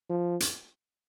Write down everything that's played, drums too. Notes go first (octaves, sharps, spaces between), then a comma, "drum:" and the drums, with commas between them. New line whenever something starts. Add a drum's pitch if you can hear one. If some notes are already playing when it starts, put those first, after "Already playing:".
F3
drum: hi-hat